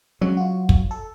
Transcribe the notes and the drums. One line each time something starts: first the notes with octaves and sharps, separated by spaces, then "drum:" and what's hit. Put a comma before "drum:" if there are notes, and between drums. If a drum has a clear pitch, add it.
C#3 F#3 G#3
F4 F#4
drum: kick
A4